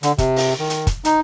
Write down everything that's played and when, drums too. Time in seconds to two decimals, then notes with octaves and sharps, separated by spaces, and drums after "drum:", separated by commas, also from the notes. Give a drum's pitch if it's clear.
0.03 D3, drum: hi-hat
0.18 C3, drum: kick, hi-hat
0.36 drum: open hi-hat
0.59 D#3
0.70 drum: hi-hat
0.87 drum: kick, hi-hat
1.05 D#4, drum: hi-hat